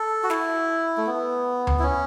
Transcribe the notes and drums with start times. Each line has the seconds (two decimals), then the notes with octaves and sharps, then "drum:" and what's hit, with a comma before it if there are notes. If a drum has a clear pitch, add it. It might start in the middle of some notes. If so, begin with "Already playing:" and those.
Already playing: A4
0.23 F#4
0.30 E4, drum: snare
0.97 A3
1.07 B3
1.67 drum: tom D2
1.79 E4
1.83 C#4